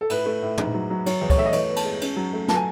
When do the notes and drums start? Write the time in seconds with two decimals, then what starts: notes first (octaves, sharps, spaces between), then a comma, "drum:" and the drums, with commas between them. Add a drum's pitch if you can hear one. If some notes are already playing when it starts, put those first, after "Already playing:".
0.01 A4
0.10 A2 B4, drum: cymbal
0.26 A3
0.43 A2
0.58 G#2, drum: tom
0.74 F#3
0.90 F#3
1.06 F#3 C#5, drum: cymbal
1.21 E2
1.30 C#5, drum: kick, cymbal
1.37 A3 E5
1.45 D#5
1.53 E3 C#5, drum: cymbal
1.70 B3
1.76 A5, drum: cymbal
1.85 G#3
2.01 C#4, drum: cymbal
2.16 F#3
2.33 A3
2.48 F#3 A5, drum: snare
2.57 G#5